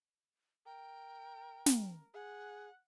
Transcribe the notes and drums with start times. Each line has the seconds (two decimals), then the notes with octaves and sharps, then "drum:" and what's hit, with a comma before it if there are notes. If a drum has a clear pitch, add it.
0.66 A#4 G5
1.66 drum: snare
2.14 G#4 F#5